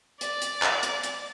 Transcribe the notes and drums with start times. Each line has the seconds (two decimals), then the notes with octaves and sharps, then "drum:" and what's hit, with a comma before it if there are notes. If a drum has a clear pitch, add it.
0.21 D5, drum: hi-hat
0.42 drum: hi-hat
0.62 drum: clap
0.83 drum: hi-hat
1.03 drum: hi-hat